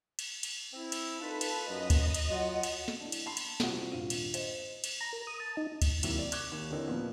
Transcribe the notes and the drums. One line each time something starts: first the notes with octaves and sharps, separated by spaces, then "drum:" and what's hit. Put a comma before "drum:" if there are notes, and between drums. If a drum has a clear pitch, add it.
drum: cymbal
drum: cymbal
C4 E4
drum: cymbal
A#3 D#4 F4 A4 B4
drum: cymbal
F#2 D#5
drum: kick D2, cymbal
drum: cymbal
F#3 F4 F#5
drum: cymbal
drum: snare
D4 E4
drum: cymbal
A5 B5 C6 C7
drum: cymbal
C3 E3 G3 F4 F#4, drum: snare
D#1 G#1 G2 F4 D#7
drum: cymbal
C5 D#5, drum: cymbal
drum: cymbal
A#5
A#4
D#6
A5
D#4
drum: kick D2, cymbal
A2 C3 D#3 F#3 A#3, drum: cymbal
D5
C#6 D6 F#6 G#6, drum: cymbal
D#2
D3 E3 C4 D#4 A#4 C#5
A#2 F3 A#3 B3